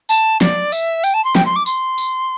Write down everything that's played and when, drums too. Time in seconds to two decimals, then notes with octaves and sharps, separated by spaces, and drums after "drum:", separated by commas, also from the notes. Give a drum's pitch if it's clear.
0.09 A5, drum: tambourine
0.41 D5, drum: snare
0.72 E5, drum: tambourine
1.04 G5, drum: tambourine
1.14 A5
1.24 C6
1.35 G5, drum: snare
1.46 C6
1.56 D6
1.66 C6, drum: tambourine
1.98 drum: tambourine